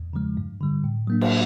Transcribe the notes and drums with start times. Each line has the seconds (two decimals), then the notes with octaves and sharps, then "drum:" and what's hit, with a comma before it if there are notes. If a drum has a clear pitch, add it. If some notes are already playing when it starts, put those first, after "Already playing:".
Already playing: E2
0.13 C#3 F3 G#3
0.37 G2
0.61 D3 G3
0.84 A2
1.07 F#3 A#3 D4
1.21 drum: cymbal